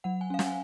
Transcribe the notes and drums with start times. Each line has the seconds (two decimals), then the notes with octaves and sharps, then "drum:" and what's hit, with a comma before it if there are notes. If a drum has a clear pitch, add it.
0.04 F#3 F#5
0.21 G#5
0.30 C#4 F5
0.39 F#5, drum: snare
0.47 G#5